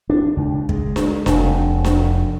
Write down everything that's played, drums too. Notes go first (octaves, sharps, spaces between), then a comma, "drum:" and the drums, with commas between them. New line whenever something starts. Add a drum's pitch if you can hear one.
D4
C#2
G#3, drum: kick
drum: snare D4
F1, drum: snare D4
drum: snare D4